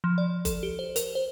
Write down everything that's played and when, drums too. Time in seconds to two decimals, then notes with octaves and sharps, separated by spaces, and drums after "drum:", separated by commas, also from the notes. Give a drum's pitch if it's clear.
0.04 F3
0.18 D5
0.45 A4, drum: kick F#1, hi-hat
0.63 G4
0.79 C5
0.96 A#4, drum: hi-hat
1.15 C5